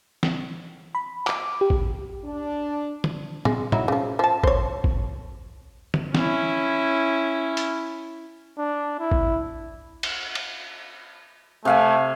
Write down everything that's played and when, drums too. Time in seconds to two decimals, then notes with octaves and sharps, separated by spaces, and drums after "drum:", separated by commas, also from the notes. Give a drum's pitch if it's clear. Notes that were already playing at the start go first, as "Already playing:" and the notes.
0.23 drum: snare
0.95 B5
1.27 D6, drum: clap
1.61 G4
1.70 drum: kick A1
2.25 D4
3.04 drum: tom D3
3.45 G#3, drum: tom
3.72 F#3 D#4 E4, drum: tom
3.88 C#3 F3
4.19 F3 A5
4.44 C5 C#5, drum: kick A1
4.84 drum: kick A1
5.94 drum: tom D3
6.14 C#4 E4, drum: snare
7.57 drum: hi-hat
8.58 D4
8.99 E4
9.12 drum: kick A1
10.03 drum: cymbal
10.35 drum: cymbal
11.65 C3 A3 F5 G#5